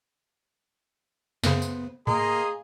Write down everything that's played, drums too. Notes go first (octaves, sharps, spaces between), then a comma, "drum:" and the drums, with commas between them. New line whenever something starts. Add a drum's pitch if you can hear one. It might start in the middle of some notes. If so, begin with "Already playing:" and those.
F#2 C#3 B3 C5, drum: snare
drum: tambourine
A#3 G#4 D#5 A#5 C6, drum: tom G#2